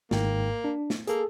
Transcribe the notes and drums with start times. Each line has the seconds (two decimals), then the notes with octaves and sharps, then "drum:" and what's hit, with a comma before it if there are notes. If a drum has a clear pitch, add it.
0.11 G#1 G#2 A#3 G5, drum: snare
0.64 D4
0.90 drum: snare
1.07 A#3 G#4 A4, drum: hi-hat